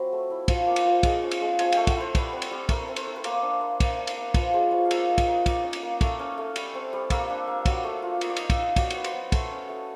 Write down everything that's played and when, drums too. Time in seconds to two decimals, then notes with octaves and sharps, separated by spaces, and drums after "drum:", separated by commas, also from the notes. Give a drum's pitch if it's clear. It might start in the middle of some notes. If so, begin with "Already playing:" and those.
Already playing: F#3 C4 B5
0.12 A3
0.30 E4
0.48 F3, drum: kick, cymbal
0.66 A#3
0.76 drum: cymbal
0.85 F3
1.03 G#3, drum: kick, cymbal
1.22 C#4
1.31 drum: cymbal
1.41 G#3
1.59 F3 G#5, drum: cymbal
1.72 A3 G5, drum: cymbal
1.87 F#5, drum: kick, cymbal
1.96 E4 C5
2.15 G3 B4, drum: kick, cymbal
2.32 C4
2.42 drum: cymbal
2.51 G3
2.69 A3 A#4, drum: kick, cymbal
2.88 C4
2.96 C5, drum: cymbal
3.06 A3
3.16 B4
3.24 A#3 C5, drum: cymbal
3.42 D4
3.61 A#3
3.80 A#3, drum: kick, cymbal
3.98 D4
4.07 drum: cymbal
4.17 A#3
4.34 F3 B4, drum: kick, cymbal
4.53 G#3 C5
4.71 F3 C#5
4.85 F5
4.91 A#3 E5, drum: cymbal
5.08 D#4
5.18 drum: kick, cymbal
5.27 D#4
5.46 A#3, drum: kick, cymbal
5.63 C#4
5.73 drum: cymbal
5.83 A#3
6.01 A3, drum: kick, cymbal
6.19 C#4
6.38 A3
6.56 G3, drum: cymbal
6.74 C4
6.93 G3
7.10 A#3 E5, drum: kick, cymbal
7.30 D4
7.47 A#3
7.66 F#3, drum: kick, cymbal
7.84 A3
8.02 F4
8.21 A#3 D#5, drum: cymbal
8.29 D5
8.37 D#4 D#5, drum: cymbal
8.50 E5, drum: kick, cymbal
8.58 D#4 D#5
8.76 F#3 D5, drum: kick, cymbal
8.90 C#5, drum: cymbal
8.95 B3
9.04 C5, drum: cymbal
9.13 F#3
9.32 A3, drum: kick, cymbal
9.51 C#4
9.69 A3